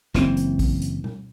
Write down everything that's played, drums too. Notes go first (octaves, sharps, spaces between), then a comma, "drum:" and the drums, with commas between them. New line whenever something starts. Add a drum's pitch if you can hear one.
F#1 E3 C4, drum: snare
drum: hi-hat
drum: kick, open hi-hat
drum: hi-hat
drum: tom